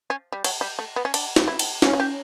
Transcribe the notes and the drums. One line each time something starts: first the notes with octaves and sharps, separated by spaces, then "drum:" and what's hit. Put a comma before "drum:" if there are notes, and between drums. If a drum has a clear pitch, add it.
C#4
G3
F#3, drum: cymbal
G3
A3
B3
C#4
D4, drum: cymbal
drum: snare
E4
drum: cymbal
C#4 F#4, drum: snare
F#4
G4